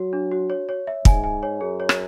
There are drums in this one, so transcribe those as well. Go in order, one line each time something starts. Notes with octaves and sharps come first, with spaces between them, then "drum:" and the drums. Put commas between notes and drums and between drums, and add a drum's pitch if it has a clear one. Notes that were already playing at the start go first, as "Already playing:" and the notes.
Already playing: F#3 F#4
D4
F#4
C#5
C#5
E5
G#2 G#5, drum: kick
G#5
C#5
F#2 G#4
C#5
drum: rim click